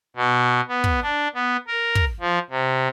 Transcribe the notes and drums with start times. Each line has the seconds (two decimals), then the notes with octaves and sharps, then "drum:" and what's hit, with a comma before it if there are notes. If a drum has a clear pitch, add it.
0.16 B2
0.69 B3
0.84 drum: kick
1.02 D4
1.35 B3
1.67 A#4
1.95 drum: kick
2.20 F3
2.50 C3